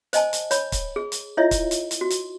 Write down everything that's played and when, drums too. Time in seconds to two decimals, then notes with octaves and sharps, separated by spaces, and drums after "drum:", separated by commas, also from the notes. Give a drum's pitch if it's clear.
0.13 C5 D#5 G#5 A5, drum: hi-hat
0.33 drum: hi-hat
0.51 C#5 B5, drum: hi-hat
0.72 drum: kick, hi-hat
0.96 G#4
1.12 drum: hi-hat
1.37 E4 F4 C#5 D#5 E5
1.51 drum: kick, hi-hat
1.71 drum: hi-hat
1.91 drum: hi-hat
2.01 F#4
2.10 drum: hi-hat